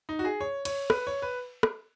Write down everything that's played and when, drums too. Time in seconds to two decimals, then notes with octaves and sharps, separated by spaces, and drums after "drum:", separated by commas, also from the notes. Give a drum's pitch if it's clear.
0.09 D#4
0.19 F#4
0.25 G#4
0.41 C#5
0.65 C#5, drum: cymbal
0.90 B4, drum: rim click
1.07 C#5
1.22 B4
1.63 drum: rim click